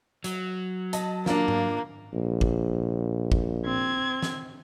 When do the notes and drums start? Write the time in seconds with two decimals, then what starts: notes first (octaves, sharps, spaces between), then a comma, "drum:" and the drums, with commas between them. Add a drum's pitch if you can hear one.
0.24 F#3, drum: hi-hat
0.93 D#5 A5, drum: hi-hat
1.26 A#3 D4 F4, drum: snare
1.48 drum: tom G#2
2.13 A#1
2.41 drum: kick
3.32 drum: kick
3.65 C4 G#6
4.23 drum: snare